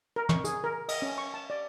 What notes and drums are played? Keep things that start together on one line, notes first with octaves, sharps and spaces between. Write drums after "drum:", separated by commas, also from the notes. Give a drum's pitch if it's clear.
A#4
C#6, drum: tom
G#4, drum: hi-hat
A#4
D#5, drum: cymbal
C#4
C#6
A5
D5